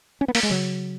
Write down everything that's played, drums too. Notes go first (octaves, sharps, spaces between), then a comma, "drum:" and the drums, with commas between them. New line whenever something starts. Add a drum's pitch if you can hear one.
C#4
B3
A#3, drum: open hi-hat
G#3
C#3 F#3